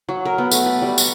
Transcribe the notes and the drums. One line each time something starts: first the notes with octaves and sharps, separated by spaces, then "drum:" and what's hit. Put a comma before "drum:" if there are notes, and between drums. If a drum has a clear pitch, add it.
F#3
A#4
B3
A3, drum: tambourine
B4
G3
F#5, drum: tambourine